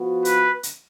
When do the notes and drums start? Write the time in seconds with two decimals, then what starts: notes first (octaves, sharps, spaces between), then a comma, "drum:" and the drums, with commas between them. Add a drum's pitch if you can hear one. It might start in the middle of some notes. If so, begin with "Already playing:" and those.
Already playing: F3 B3 F#4
0.25 B4, drum: hi-hat
0.63 drum: hi-hat